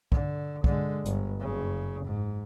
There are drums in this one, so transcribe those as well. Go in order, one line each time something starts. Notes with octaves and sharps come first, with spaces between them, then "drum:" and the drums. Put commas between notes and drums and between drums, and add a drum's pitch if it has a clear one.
D3, drum: kick
D3 G#3, drum: kick
G1, drum: hi-hat
F#1 C#3
G#2